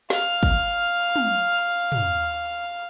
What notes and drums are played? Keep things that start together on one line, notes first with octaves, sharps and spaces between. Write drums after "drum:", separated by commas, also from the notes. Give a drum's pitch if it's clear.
F5 F6, drum: snare
drum: kick
drum: tom
drum: tom